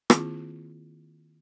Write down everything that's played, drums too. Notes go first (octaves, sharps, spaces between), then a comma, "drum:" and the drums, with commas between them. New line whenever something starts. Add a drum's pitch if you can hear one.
D#3 A#3 C4 E4 F4 G#4, drum: rim click